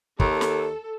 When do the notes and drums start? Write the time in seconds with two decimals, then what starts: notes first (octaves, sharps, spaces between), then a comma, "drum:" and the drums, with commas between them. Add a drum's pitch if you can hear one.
0.20 D#2 A4, drum: kick
0.41 drum: snare